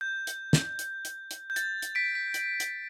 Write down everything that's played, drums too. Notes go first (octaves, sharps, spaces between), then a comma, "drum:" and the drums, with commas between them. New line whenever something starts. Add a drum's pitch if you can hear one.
G6
drum: hi-hat
drum: snare
drum: hi-hat
drum: hi-hat
drum: hi-hat
G6
A6, drum: hi-hat
drum: hi-hat
B6 D7
B6
drum: hi-hat
drum: hi-hat